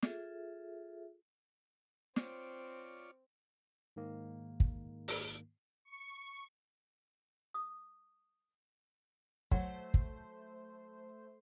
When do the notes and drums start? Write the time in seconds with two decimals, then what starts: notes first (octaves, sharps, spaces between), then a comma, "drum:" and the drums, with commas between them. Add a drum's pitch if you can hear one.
0.02 F4 G#4 A4 E5, drum: snare
2.16 C4 F4 C#5 D5, drum: snare
3.96 G#2 D#3 A#3
4.60 drum: kick
5.08 drum: open hi-hat
5.85 C#6
7.54 D#6
9.51 F#3 A3 C5, drum: kick
9.94 drum: kick